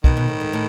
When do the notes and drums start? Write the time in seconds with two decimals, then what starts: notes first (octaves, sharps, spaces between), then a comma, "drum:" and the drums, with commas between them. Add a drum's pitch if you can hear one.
0.04 B2 D#3, drum: kick
0.17 B2
0.28 A2
0.41 G#2
0.53 A2